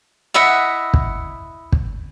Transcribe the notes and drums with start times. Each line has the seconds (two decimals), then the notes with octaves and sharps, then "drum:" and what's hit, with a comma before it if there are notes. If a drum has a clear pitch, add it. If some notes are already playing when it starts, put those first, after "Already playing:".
0.34 E4 D#5 E5 F#5
0.94 drum: kick
1.72 drum: kick